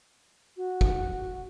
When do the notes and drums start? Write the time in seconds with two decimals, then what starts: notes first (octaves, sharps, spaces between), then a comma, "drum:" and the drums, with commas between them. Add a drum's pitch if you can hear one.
0.56 F#4
0.81 drum: kick